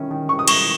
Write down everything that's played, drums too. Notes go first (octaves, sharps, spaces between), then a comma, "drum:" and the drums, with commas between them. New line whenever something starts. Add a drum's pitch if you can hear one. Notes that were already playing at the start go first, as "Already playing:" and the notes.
Already playing: D#3 C#4 E4
D#3
D#3 C#6
D#6
E4 C#6, drum: cymbal